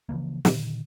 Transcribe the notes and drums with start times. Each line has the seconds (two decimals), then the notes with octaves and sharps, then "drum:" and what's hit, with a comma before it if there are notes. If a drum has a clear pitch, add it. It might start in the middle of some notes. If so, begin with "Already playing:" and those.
0.09 C#3 E3 F3 A#3
0.45 A#2 D3 D#3, drum: snare